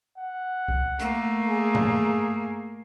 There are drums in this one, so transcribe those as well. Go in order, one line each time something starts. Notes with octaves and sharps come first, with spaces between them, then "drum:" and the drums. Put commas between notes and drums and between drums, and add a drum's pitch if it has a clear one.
F#5
drum: kick C2
A3 A#3, drum: hi-hat
G#4
drum: tom G2